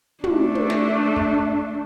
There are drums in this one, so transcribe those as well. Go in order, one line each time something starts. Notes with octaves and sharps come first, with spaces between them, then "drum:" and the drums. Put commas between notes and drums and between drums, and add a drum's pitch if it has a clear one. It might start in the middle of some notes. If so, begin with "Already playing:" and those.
A3 D4, drum: tom
drum: tom
drum: snare
drum: kick